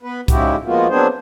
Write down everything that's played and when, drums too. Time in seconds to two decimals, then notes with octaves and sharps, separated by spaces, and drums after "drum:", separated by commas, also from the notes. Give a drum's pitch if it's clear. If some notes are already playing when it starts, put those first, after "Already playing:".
0.03 B3 B4
0.28 G#2 C#3 G#3 E4 F#4 G4, drum: kick C2, hi-hat
0.65 F3 G#3 A#3 B3 F4 F#4
0.89 F#3 B3 C4 D4 G#4 C5